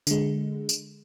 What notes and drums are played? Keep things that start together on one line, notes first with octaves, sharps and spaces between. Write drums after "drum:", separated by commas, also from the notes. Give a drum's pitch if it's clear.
D3 G#3, drum: tambourine
drum: tambourine